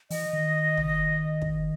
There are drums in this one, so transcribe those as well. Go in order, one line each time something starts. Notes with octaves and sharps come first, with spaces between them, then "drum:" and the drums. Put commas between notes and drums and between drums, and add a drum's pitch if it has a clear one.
E3 D#5, drum: open hi-hat
D#3
drum: tom
drum: kick